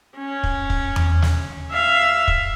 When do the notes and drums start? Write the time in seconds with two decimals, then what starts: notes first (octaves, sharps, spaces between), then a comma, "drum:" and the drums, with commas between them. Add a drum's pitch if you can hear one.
0.17 C#4
0.43 drum: kick
0.70 drum: kick
0.96 drum: tom E2
1.22 drum: snare
1.71 E5 F5
2.28 drum: kick